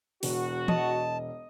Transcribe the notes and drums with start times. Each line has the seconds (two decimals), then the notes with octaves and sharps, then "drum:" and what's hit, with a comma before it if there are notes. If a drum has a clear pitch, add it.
0.23 E1 F#4, drum: open hi-hat
0.68 D#5 A5, drum: tom